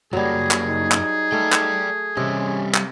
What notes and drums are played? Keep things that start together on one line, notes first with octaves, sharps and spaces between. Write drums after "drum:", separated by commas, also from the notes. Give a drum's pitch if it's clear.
F#2 F#3 G3 A#3 G#4
drum: clap
D#4
drum: clap
A3 D5 G5
drum: clap
C3 G3 C#4 D#5
drum: clap